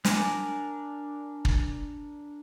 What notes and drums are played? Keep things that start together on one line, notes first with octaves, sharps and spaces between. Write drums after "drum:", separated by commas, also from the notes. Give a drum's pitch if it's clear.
D4 A#4 D5 G#5, drum: snare
drum: kick